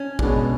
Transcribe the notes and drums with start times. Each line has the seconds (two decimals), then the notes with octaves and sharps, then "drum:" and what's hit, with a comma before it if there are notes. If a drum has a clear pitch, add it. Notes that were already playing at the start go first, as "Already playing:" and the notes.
Already playing: C#4
0.19 C#2 B2 G#3 D4, drum: kick